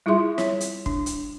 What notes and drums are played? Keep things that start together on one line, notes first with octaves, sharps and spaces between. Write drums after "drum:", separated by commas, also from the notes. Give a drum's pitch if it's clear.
G3 E4 F4 G#4 E5 C6
C#5, drum: snare
drum: hi-hat
D4, drum: kick
drum: hi-hat